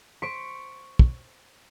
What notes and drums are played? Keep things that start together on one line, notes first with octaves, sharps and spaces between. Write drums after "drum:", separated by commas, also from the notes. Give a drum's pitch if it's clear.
C5 C#6 B6 D7
drum: kick